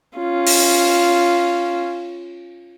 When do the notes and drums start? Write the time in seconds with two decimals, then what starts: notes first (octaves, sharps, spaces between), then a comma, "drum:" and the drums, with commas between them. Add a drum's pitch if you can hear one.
0.17 C#4 F4
0.46 drum: open hi-hat